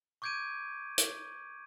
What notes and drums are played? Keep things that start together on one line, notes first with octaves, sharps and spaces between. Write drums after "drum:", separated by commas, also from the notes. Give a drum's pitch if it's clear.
C#6 D6 G6 G#6 D7 D#7
drum: hi-hat